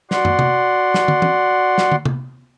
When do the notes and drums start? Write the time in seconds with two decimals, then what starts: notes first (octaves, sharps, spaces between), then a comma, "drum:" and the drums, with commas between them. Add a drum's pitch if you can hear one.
0.11 F#4 D5 F#5 C6, drum: snare
0.25 drum: tom
0.39 drum: tom C3
0.94 drum: snare
1.08 drum: tom
1.22 drum: tom
1.78 drum: snare
1.92 drum: tom
2.05 drum: tom C3